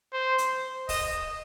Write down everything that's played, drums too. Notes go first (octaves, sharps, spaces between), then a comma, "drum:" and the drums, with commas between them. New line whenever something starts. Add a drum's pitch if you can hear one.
C5
drum: hi-hat
D#5, drum: kick, open hi-hat